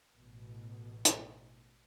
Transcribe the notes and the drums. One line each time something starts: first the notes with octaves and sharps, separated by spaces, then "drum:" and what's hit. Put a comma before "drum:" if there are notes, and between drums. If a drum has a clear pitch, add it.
A1 B2
drum: hi-hat